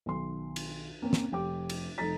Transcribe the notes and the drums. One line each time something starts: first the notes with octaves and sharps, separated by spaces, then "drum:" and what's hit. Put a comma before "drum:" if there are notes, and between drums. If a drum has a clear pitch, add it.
B1 D#3 C6
drum: cymbal
A#3 C4 C#4
drum: snare
F1 G4 G5 D6
drum: cymbal
F1 D#4 A4 A#5 A6 B6